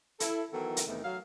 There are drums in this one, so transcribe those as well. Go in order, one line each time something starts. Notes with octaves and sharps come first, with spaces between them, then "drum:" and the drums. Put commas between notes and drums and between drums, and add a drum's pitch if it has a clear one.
E4 A4, drum: hi-hat
D#3 E3 F#3 B3 A4
drum: hi-hat
E2 C3 D#3 E3 A3
F#3 F5